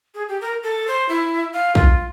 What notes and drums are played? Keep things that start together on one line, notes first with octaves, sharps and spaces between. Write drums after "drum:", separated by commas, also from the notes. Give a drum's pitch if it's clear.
G#4
G4
A#4
A4
C5
E4
F5
F4, drum: kick